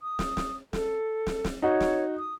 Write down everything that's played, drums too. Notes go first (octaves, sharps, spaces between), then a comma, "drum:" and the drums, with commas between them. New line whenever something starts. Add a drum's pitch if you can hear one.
D#6
drum: snare
drum: snare
A4, drum: snare
drum: snare
drum: snare
D#4 F#4 C#5
drum: snare
D#6